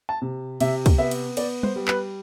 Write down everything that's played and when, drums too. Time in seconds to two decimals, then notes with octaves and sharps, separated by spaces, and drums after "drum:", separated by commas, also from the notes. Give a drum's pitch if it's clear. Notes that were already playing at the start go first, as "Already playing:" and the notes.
0.09 A5
0.22 C3
0.60 C3 E5, drum: cymbal
0.86 drum: kick, cymbal
0.98 B3 E5
1.11 drum: cymbal
1.37 B3 D5, drum: cymbal
1.63 C5, drum: tom
1.76 G3
1.88 B4, drum: clap